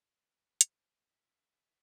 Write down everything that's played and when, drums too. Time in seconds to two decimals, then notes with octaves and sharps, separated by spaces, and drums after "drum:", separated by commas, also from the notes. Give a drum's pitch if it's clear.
0.15 B4
0.61 C5, drum: hi-hat
1.07 E5